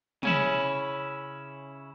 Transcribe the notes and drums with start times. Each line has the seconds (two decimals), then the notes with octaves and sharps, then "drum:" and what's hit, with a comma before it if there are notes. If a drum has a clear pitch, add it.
0.23 C#3 C#4 E4, drum: tom